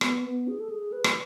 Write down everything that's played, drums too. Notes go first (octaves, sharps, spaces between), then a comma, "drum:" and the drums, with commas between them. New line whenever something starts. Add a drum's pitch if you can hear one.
B3, drum: rim click
B3
G#4
A4
G#4
B4
drum: rim click